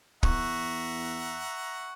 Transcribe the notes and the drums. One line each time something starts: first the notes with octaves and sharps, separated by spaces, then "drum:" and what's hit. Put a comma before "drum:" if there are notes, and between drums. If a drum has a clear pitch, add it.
E2 E5 F#5 A#5 C#6 F#6, drum: kick